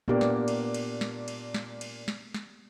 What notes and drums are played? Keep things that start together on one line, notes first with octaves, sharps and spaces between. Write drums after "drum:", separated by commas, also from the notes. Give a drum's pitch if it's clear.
A#2 A#3 B3 D4 G4
drum: snare
drum: cymbal
drum: cymbal
drum: snare
drum: cymbal
drum: snare
drum: cymbal
drum: snare
drum: snare